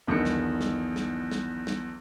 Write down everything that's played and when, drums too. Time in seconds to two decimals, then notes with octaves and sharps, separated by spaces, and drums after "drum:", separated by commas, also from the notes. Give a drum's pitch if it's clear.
0.08 B1 E2 D3 D#3 C#7
0.25 drum: snare
0.61 drum: snare
0.96 drum: snare
1.32 drum: snare
1.67 drum: snare